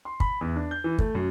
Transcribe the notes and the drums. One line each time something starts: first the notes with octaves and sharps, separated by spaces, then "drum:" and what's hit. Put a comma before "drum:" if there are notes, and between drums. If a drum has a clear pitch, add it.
C6
B5, drum: kick
E2
D4
G6
E3
A3, drum: kick
F#2